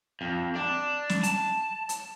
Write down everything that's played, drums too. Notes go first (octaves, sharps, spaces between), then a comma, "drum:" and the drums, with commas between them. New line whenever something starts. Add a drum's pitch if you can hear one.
F2
D4
drum: snare
A5, drum: hi-hat
drum: hi-hat